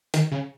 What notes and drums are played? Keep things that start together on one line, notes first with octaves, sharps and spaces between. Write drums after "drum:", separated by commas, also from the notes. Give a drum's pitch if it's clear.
D#3, drum: hi-hat
C#3